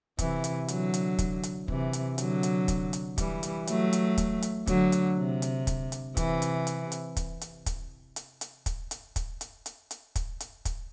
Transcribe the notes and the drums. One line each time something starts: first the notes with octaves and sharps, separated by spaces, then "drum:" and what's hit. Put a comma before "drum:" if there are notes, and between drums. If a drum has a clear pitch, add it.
C3 E3, drum: kick, hi-hat
drum: hi-hat
D3 F#3, drum: hi-hat
drum: hi-hat
drum: kick, hi-hat
drum: hi-hat
C3 E3, drum: kick
drum: hi-hat
D3 F#3, drum: hi-hat
drum: hi-hat
drum: kick, hi-hat
drum: hi-hat
E3 G3, drum: kick, hi-hat
drum: hi-hat
F#3 A3, drum: hi-hat
drum: hi-hat
drum: kick, hi-hat
drum: hi-hat
D3 F#3, drum: kick, hi-hat
drum: hi-hat
C3
drum: hi-hat
drum: kick, hi-hat
drum: hi-hat
C3 E3, drum: kick, hi-hat
drum: hi-hat
drum: hi-hat
drum: hi-hat
drum: kick, hi-hat
drum: hi-hat
drum: kick, hi-hat
drum: hi-hat
drum: hi-hat
drum: kick, hi-hat
drum: hi-hat
drum: kick, hi-hat
drum: hi-hat
drum: hi-hat
drum: hi-hat
drum: kick, hi-hat
drum: hi-hat
drum: kick, hi-hat